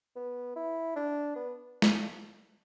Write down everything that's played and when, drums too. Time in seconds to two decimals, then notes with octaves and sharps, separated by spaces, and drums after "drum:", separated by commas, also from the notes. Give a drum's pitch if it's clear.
0.16 B3
0.56 E4
0.96 D4
1.36 B3
1.82 drum: snare